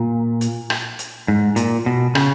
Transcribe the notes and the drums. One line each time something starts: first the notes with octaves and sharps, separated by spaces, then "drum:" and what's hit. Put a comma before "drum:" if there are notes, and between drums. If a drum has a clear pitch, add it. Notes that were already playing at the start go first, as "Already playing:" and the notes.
Already playing: A#2
drum: hi-hat
drum: rim click
drum: hi-hat
G#2
A#2, drum: hi-hat
B2
C#3, drum: rim click